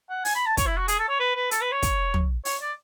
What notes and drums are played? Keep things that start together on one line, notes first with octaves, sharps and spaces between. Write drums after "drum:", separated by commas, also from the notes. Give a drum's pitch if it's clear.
F#5
G#5, drum: open hi-hat
B5
A5
C#5, drum: kick, hi-hat
E4
F#4
G#4, drum: hi-hat
A4
C#5
B4
B4
A4, drum: hi-hat
B4
C#5
drum: kick, hi-hat
drum: tom
C#5, drum: open hi-hat
D5